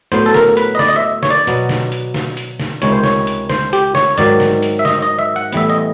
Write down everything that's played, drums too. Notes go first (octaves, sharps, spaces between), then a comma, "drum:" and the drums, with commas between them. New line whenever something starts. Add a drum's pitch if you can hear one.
A2 F#3 B3 C5, drum: hi-hat
A4
A#4, drum: snare
B4, drum: hi-hat
D#5
D5, drum: snare
D#5
E5
C#5, drum: snare
D5
B2 F#3 B3, drum: hi-hat
drum: snare
drum: hi-hat
drum: snare
drum: hi-hat
drum: snare
C#2 C3 D#3 G#3 C#5, drum: hi-hat
C5
C#5, drum: snare
drum: hi-hat
C5, drum: snare
G4, drum: hi-hat
C#5, drum: snare
G#2 D#3 F#3 D5, drum: hi-hat
drum: snare
drum: hi-hat
E5
D#5, drum: snare
D#5
E5
F#5
A2 E3 G3 B3 E5, drum: hi-hat
D#5